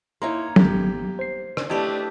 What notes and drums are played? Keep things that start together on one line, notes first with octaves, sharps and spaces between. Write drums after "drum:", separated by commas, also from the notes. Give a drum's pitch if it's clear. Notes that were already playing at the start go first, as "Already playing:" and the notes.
A#3 D#4 E4 C#5 E5 A#5 C6
G#1 B3 G4, drum: tom
C5 C7
drum: rim click
A3 D4 E4 G4 B4 D#5 A5